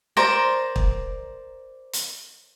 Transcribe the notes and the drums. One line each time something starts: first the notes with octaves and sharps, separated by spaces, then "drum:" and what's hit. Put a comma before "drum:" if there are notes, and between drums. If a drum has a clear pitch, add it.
A#4 C5 D5 A#5
drum: kick
drum: hi-hat